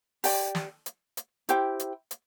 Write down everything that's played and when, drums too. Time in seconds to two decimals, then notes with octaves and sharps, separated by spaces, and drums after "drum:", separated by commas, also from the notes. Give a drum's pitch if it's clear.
0.24 G4 D5 G5, drum: open hi-hat
0.55 drum: snare
0.86 drum: hi-hat
1.17 drum: hi-hat
1.49 E4 G4 C5 G5, drum: hi-hat
1.79 drum: hi-hat
2.11 drum: hi-hat